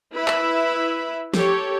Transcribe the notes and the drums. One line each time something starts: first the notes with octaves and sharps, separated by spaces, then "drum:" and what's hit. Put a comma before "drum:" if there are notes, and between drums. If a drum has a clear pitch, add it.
E4 B4 E5 B5
drum: clap
G4 A4 C#5, drum: snare